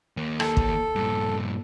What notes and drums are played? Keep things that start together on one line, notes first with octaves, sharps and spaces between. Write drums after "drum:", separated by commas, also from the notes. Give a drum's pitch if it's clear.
D#2 A#3
A4, drum: rim click
drum: kick
G2 A#2